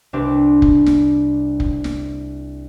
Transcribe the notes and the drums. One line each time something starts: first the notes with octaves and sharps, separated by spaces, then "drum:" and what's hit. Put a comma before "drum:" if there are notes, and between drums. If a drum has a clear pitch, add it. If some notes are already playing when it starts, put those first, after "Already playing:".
C2 C4 D4 G4
drum: kick
drum: snare
drum: kick
drum: snare